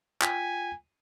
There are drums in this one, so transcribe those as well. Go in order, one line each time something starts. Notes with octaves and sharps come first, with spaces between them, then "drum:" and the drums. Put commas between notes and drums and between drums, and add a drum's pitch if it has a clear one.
F4 G5 G#5 B6, drum: clap